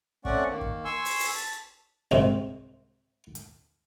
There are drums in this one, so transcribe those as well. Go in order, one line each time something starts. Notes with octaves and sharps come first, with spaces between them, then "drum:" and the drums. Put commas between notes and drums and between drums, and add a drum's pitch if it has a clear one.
A3 C4 C#4 D5 F#5 C#6, drum: kick
D#3 A#3
drum: kick
G#5 C6 C#6 E6
drum: open hi-hat
drum: open hi-hat
A5
C2 G#2 C3, drum: snare
drum: hi-hat